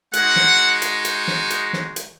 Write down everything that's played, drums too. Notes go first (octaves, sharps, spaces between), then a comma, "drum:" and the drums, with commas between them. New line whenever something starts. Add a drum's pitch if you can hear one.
G#3 D#4 F#4 F#5, drum: hi-hat
drum: snare
drum: hi-hat
drum: hi-hat
drum: snare
drum: hi-hat
drum: snare
drum: hi-hat